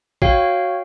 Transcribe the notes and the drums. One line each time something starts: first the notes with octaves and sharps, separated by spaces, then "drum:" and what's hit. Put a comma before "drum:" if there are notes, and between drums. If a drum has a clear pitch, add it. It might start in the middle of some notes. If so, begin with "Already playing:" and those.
F#4 C#5 F5 G5, drum: kick